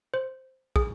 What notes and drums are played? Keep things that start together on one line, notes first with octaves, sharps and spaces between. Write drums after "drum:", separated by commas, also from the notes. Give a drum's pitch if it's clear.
C5
G#4, drum: kick